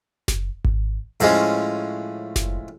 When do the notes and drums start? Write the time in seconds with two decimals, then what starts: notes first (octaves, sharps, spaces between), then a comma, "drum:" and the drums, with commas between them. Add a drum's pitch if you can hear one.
0.28 drum: snare F#1
0.65 drum: kick G#1
1.20 A2 F3 G#3 C#4, drum: hi-hat
2.36 drum: snare F#1